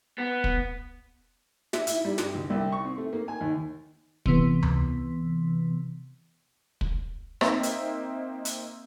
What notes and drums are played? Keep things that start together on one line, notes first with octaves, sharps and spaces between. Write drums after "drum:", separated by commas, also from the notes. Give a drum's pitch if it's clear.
B3
drum: kick
E5, drum: snare
E4, drum: hi-hat
G3
G2, drum: snare
D2
C2
C#6
C4
A3
A#3
G#5
D#2
C3 E3 B3, drum: kick
drum: tom C#2
drum: kick
A#3 C4 D#4 E5, drum: rim click
drum: hi-hat
drum: hi-hat